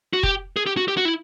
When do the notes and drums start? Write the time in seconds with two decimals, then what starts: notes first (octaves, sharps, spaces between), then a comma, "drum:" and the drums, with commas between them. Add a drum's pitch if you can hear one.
0.13 F#4
0.23 G4, drum: kick F1
0.56 G#4
0.67 G4
0.77 F#4
0.88 G4
0.97 F#4
1.05 E4